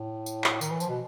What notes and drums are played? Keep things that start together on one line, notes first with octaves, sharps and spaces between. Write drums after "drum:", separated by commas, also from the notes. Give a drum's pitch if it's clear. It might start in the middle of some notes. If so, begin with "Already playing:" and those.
Already playing: A2
drum: tambourine
drum: clap
D#3, drum: tambourine
E3
F3, drum: tambourine
B2